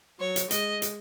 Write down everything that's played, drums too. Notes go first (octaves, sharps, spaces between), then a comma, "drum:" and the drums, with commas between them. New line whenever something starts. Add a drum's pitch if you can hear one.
F#3 C#5
drum: hi-hat
G#3 D#5, drum: hi-hat
drum: hi-hat